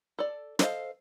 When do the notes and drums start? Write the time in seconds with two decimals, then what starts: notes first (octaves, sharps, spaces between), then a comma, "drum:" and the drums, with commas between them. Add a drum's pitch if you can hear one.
0.19 A4 D5
0.59 A4 C5 D#5 F5, drum: snare